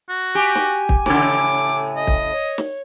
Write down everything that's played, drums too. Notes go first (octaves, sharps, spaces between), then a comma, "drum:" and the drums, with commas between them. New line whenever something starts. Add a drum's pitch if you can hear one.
F#4
G4 G#5
drum: snare
drum: kick
A2 C#3 D6, drum: snare
D#5
drum: kick
C#5
drum: snare